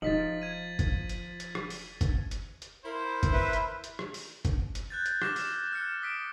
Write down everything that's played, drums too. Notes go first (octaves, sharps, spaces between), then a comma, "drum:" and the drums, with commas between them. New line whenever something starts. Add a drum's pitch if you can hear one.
E1 F3 D#4 A6 B6 F#7
G#6 D#7
drum: kick F#1, hi-hat
drum: hi-hat
drum: hi-hat
drum: rim click
drum: open hi-hat
drum: kick F#1, hi-hat
drum: hi-hat
drum: hi-hat
E4 A#4 C5
drum: kick F#1, hi-hat
B4 E5
drum: hi-hat
drum: hi-hat
drum: rim click
drum: open hi-hat
drum: kick F#1, hi-hat
drum: hi-hat
F#6 G6 A6
drum: hi-hat
D6 F6 A#6 E7, drum: rim click
drum: open hi-hat
F6 F#6 C#7
D#6 B6 D7